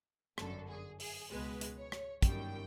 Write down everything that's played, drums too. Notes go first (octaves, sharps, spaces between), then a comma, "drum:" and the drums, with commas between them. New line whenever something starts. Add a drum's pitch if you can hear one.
G1 F#2 D3 A4, drum: rim click
G#4
G#4, drum: open hi-hat
C#2 B2 G#3 B4
drum: hi-hat
C#5
drum: rim click
G1 F#2 D#3 G3 G5, drum: kick, hi-hat